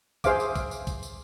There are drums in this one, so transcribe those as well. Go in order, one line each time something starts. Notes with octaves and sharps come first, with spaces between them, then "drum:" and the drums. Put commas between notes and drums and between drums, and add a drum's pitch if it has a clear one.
G#4 C5 E5 F5 D6, drum: kick, tambourine
drum: tambourine
drum: kick, tambourine
drum: tambourine
drum: kick, tambourine
drum: tambourine